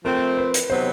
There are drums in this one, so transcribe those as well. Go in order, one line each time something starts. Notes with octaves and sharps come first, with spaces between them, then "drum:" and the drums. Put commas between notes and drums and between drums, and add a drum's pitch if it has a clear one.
F3 A3 C4 A#4
B4
drum: hi-hat
C3 D#3 F#3 B3 C5